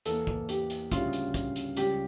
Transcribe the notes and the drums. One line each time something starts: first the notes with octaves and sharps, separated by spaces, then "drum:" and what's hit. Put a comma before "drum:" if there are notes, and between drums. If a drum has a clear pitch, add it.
E2 E3 A#3 A4, drum: hi-hat
drum: kick
G4, drum: hi-hat
drum: hi-hat
D2 C#3 G3 F4, drum: kick, hi-hat
drum: hi-hat
drum: kick, hi-hat
drum: hi-hat
C#2 C#3 G3 G4, drum: hi-hat